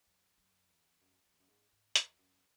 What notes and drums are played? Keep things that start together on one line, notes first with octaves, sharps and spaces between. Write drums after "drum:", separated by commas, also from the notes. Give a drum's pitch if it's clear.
F#2
F#2
E2
F#2
F#2
E2
F#2
G#2
G#2
E2, drum: hi-hat
F#2